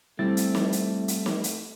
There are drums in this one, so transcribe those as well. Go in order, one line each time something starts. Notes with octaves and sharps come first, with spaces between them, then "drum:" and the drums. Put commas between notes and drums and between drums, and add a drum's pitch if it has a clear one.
G3 A3 C4 E4 A6
drum: hi-hat
drum: snare
drum: hi-hat
drum: hi-hat
drum: snare
drum: hi-hat